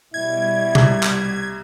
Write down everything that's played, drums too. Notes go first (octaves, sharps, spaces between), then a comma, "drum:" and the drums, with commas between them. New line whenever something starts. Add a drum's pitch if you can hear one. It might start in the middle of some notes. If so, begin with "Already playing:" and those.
B2 G3 E4 G#6
C2, drum: tom
drum: clap